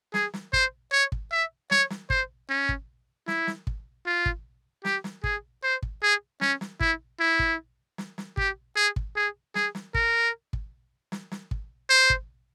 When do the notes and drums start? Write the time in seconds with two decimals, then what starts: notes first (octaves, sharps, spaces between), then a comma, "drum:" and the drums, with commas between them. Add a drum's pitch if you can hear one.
0.14 G#4, drum: snare
0.34 drum: snare
0.53 C5, drum: kick
0.92 C#5
1.12 drum: kick
1.32 E5
1.71 C#5, drum: snare
1.90 drum: snare
2.10 C5, drum: kick
2.50 C#4
2.69 drum: kick
3.28 E4, drum: snare
3.47 drum: snare
3.67 drum: kick
4.06 F4
4.26 drum: kick
4.85 G4, drum: snare
5.04 drum: snare
5.24 G#4, drum: kick
5.63 C5
5.82 drum: kick
6.03 G#4
6.41 C#4, drum: snare
6.61 drum: snare
6.80 E4, drum: kick
7.20 E4
7.39 drum: kick
7.98 drum: snare
8.18 drum: snare
8.37 G4, drum: kick
8.76 G#4
8.96 drum: kick
9.16 G#4
9.55 G#4, drum: snare
9.75 drum: snare
9.94 A#4, drum: kick
10.53 drum: kick
11.12 drum: snare
11.31 drum: snare
11.51 drum: kick
11.90 C5
12.10 drum: kick